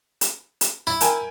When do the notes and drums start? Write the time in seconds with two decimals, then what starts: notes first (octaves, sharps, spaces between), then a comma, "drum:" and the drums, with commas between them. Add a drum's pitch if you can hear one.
0.21 drum: hi-hat
0.61 drum: hi-hat
0.87 E4
1.01 A#4 G5 G#5, drum: hi-hat